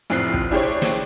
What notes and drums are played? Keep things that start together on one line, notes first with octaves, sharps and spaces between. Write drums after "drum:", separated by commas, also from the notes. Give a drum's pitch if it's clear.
F1 F2 A2 C4 F#6 C7, drum: hi-hat
drum: kick
D4 E4 G4 G#4 C5 C#5
drum: snare